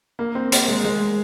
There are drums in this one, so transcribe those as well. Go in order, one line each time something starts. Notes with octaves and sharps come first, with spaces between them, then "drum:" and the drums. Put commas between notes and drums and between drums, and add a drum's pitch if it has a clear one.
A#3
C4
A#3, drum: hi-hat
G#3
A#3
G#3